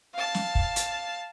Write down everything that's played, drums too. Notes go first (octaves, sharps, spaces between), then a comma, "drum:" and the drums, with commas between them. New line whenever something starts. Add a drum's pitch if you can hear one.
F5 A5
drum: snare
drum: kick
drum: hi-hat